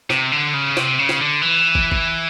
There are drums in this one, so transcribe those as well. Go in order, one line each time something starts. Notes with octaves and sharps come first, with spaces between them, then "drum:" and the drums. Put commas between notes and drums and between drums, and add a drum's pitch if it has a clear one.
C3, drum: snare
D3
C#3
C3, drum: snare
C#3
drum: snare
D3
E3
drum: kick
drum: kick